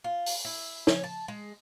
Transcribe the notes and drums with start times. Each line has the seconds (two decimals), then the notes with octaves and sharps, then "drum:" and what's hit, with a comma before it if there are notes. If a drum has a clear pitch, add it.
0.04 F4
0.26 drum: open hi-hat
0.45 E4
0.87 C#4, drum: snare
1.04 A5
1.28 G#3